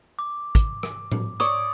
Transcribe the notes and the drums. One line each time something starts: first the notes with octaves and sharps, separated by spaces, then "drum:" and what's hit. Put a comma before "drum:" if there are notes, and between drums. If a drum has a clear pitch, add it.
D6
drum: kick, hi-hat
drum: rim click
drum: tom A2
C#5 D5 D#6, drum: hi-hat